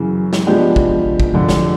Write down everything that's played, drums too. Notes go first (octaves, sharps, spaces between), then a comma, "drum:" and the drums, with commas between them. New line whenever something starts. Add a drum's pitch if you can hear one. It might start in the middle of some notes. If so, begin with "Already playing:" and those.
Already playing: F#2 C#3 E3
drum: snare
F3 G#3 B3 D4 G4
drum: kick
drum: kick
F2 D3 F3
drum: snare